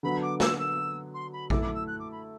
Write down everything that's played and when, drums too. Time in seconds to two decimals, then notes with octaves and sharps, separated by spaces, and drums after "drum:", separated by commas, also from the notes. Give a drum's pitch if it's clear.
0.03 D3 F#3 B3 B5
0.22 D6
0.40 E6, drum: snare
0.59 E6
1.14 C6
1.33 B5
1.50 A3 E4 A4 D6, drum: kick A#1
1.62 D6
1.75 E6
1.87 F#6
1.99 D6
2.12 B5